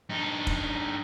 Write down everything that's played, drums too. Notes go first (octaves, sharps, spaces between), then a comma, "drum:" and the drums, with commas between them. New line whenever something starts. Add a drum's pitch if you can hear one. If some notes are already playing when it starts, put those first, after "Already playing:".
G2 D#4
drum: kick F1